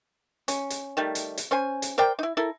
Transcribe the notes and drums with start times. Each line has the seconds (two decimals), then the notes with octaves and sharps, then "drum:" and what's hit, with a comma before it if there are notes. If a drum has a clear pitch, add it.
0.48 C#4, drum: hi-hat
0.70 drum: hi-hat
0.97 D#3 G3 A3
1.15 drum: hi-hat
1.38 drum: hi-hat
1.51 C#4 C5 G#5
1.82 drum: hi-hat
1.98 A#4 C5 D5 G5
2.19 D#4 E4
2.37 E4 A4 A#4